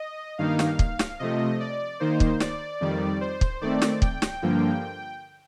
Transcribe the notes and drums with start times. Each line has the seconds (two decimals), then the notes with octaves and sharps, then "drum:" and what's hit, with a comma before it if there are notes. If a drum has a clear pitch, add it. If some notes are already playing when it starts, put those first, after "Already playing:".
Already playing: D#5
0.38 G2 D#3 A#3 D#4 F5
0.59 drum: snare
0.79 drum: kick
0.99 drum: snare
1.19 C3 F3 A3 D#5
1.60 D5
2.00 D#3 A#3 D#4 C5
2.20 drum: kick
2.40 D5, drum: snare
2.81 F2 D#3 G3 D5
3.21 C5
3.41 drum: kick
3.61 D#3 A3 C4 D5
3.82 drum: snare
4.02 G5, drum: kick
4.22 drum: snare
4.42 G2 D3 F3 A#3